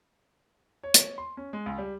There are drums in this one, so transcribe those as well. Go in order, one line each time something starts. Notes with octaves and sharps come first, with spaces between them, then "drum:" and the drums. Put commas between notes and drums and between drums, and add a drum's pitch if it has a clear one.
C#5
drum: hi-hat
C6
C#4
G#3
C#2
G3